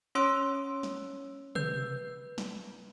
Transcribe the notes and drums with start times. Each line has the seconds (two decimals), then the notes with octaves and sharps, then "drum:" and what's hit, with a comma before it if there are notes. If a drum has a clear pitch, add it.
0.15 C#4 C#5 C6 E6 D7
0.83 drum: snare
1.55 B4 G6, drum: tom C3
2.38 drum: snare